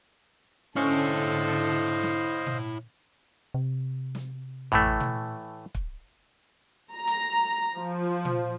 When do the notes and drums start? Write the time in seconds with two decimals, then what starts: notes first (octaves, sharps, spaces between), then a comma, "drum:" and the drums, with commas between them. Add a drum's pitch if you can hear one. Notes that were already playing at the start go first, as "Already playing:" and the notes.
0.76 D3 C#4 E4 A4 C5 C#5 D#5 F5
2.03 drum: snare
2.46 drum: tom
3.54 C3
4.15 drum: snare
4.72 A2 E3 A3, drum: tom A1
5.00 drum: tom
5.75 drum: kick
6.93 A#5
7.07 drum: hi-hat
7.77 F3
8.25 drum: tom